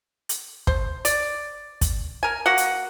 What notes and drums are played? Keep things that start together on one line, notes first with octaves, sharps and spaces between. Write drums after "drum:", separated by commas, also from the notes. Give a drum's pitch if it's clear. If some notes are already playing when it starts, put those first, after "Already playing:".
drum: hi-hat
C5, drum: kick
D5, drum: hi-hat
drum: kick, hi-hat
A#4 G#5
A#3 F#4 F#5
drum: hi-hat